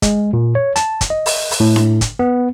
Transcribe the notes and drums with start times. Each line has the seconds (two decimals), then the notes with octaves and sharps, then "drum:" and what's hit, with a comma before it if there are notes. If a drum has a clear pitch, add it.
0.02 G#3, drum: kick, hi-hat
0.33 A#2
0.55 C#5
0.76 A5, drum: hi-hat
1.01 drum: kick, hi-hat
1.10 D#5
1.26 drum: open hi-hat
1.51 drum: open hi-hat
1.60 A2
1.76 drum: snare D4
2.01 drum: kick, hi-hat
2.19 B3